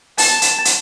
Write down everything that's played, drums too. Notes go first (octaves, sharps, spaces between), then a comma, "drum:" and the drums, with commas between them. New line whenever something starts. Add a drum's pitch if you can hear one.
A5, drum: open hi-hat
drum: hi-hat
drum: hi-hat